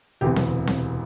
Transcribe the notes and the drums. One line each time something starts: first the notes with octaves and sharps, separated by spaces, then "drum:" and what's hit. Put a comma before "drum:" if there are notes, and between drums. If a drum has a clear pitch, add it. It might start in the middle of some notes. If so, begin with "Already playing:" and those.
E1 D2 C3 E3 G4
drum: snare C4
drum: snare C4